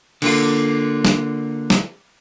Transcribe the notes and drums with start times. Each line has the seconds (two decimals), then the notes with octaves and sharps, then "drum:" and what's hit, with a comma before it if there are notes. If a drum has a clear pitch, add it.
0.22 D3 A#3 F4, drum: cymbal
1.05 drum: snare
1.70 drum: snare